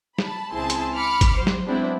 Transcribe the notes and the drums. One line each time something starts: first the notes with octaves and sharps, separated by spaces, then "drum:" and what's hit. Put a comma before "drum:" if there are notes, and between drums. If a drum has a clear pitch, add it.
A5 B5, drum: snare
C#2 C4 E4 G#4 A5 C6
drum: hi-hat
B5 D6 F6 C#7
drum: kick, hi-hat
F#3 C5
drum: snare
F#3 G#3 B3 C4 D4 E4